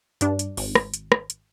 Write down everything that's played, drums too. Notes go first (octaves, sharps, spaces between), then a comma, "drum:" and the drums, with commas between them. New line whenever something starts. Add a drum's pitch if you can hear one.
G2 D4, drum: hi-hat
drum: hi-hat
G#1, drum: open hi-hat
drum: rim click
drum: hi-hat
drum: rim click
drum: hi-hat